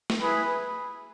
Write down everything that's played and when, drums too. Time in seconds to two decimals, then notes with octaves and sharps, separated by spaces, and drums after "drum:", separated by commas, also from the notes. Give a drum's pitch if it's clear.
0.10 drum: snare
0.20 E4 G#4 B4